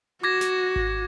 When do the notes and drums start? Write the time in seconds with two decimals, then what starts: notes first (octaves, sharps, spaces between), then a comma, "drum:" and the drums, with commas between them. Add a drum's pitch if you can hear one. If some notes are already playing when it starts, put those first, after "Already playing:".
0.23 F#4 D6 G#6 A#6
0.41 drum: snare
0.76 drum: kick G#1